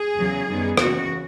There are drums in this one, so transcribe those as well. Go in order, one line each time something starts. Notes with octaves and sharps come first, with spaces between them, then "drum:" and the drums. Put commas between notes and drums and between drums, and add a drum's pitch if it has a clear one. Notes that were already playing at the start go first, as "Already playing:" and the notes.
Already playing: G#4
E2 C#3 F#3
F#2 D#3 G3 B3
D#2 C#3 E3 F#4, drum: rim click